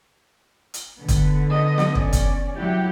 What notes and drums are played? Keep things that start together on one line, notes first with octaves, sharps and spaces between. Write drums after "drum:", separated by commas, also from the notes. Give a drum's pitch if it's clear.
drum: hi-hat
D3 B3
drum: kick, hi-hat
D#5
drum: snare
C#4 D5, drum: kick
drum: kick, hi-hat
F#3 E4 G4